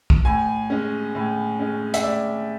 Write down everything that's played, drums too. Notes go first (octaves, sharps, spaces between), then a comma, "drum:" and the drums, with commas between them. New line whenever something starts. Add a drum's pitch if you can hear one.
drum: kick
A2 G#5
G#3 C#4
A2
G#3 C#4
E5, drum: hi-hat
A2 D5